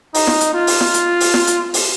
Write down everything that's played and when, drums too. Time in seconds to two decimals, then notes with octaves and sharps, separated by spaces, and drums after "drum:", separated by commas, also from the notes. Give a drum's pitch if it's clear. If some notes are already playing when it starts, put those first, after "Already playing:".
0.14 D#4, drum: open hi-hat
0.27 drum: snare
0.41 drum: hi-hat
0.54 F4
0.67 drum: open hi-hat
0.80 drum: snare
0.94 drum: hi-hat
1.20 drum: open hi-hat
1.34 drum: snare
1.47 drum: hi-hat
1.74 drum: open hi-hat